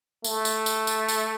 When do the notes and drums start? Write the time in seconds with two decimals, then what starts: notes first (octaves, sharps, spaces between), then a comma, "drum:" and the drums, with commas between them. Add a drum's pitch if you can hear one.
0.24 A3, drum: tambourine
0.45 drum: tambourine
0.66 drum: tambourine
0.87 drum: tambourine
1.08 drum: tambourine